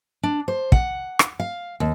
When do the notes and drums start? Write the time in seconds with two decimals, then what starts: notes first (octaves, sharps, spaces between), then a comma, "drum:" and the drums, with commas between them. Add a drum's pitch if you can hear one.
0.23 D4
0.48 C5
0.72 F#5, drum: kick
1.19 drum: rim click
1.40 F5
1.80 D#2